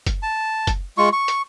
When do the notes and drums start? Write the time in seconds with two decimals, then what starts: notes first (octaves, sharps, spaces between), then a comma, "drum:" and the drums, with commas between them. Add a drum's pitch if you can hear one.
0.06 drum: kick F#1, hi-hat
0.23 A5
0.67 drum: kick F#1, hi-hat
0.98 G#3 F4 C#6
1.13 C#6
1.28 drum: hi-hat